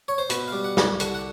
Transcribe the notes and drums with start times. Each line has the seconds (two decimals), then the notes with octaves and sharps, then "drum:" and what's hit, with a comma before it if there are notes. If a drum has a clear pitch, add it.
0.08 C#5
0.18 C5
0.30 B2 B4, drum: hi-hat
0.48 G3 F5
0.64 F#5
0.77 C2, drum: snare
1.00 D3 F#5, drum: hi-hat
1.14 F#5